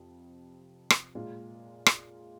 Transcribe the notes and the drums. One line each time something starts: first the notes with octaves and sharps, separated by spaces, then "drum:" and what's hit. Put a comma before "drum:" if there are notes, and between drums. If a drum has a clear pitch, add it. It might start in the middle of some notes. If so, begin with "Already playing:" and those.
Already playing: F2 C3
drum: rim click
A#2 G#3 F4
drum: rim click